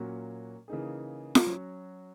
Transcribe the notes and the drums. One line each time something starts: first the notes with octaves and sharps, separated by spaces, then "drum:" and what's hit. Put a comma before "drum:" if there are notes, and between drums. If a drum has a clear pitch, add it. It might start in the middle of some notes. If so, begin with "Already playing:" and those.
Already playing: A#2 F#3 A#3 C#4 F#4
C#3 E3 A#3 D#4 G#4
drum: snare F4
F#3 C#4 F#4